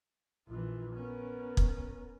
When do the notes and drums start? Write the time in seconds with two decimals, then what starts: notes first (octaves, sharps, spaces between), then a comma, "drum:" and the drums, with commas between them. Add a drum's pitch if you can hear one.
0.48 A#1 E3 F4
0.96 B3 C#4 A#4
1.57 drum: kick